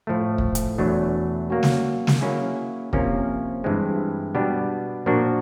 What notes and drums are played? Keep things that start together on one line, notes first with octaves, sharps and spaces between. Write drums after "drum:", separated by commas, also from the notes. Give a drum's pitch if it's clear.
A2 F3 A3
drum: kick
drum: hi-hat
E2 B2 F#3 A3 D4
F#3 A#3 C#4 F#4
drum: snare
drum: snare
F#3 A#3 C#4 E4 G#4
C3 F3 A#3 C#4, drum: kick
G2 E3 G#3 C4
B2 G3 B3 D4 G4
A#2 F3 A#3 D4 F#4